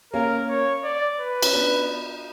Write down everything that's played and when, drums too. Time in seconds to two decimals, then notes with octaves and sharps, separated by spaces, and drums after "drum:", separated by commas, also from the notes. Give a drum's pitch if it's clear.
0.13 A#3 C#4 A#4
0.49 C#5
0.84 D5
1.19 B4
1.43 C#4, drum: cymbal
1.54 B3 D4